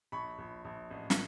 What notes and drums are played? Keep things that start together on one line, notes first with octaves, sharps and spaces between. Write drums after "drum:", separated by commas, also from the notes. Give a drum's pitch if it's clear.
A#1 B5 C#6
A#1
A#1
A1
drum: snare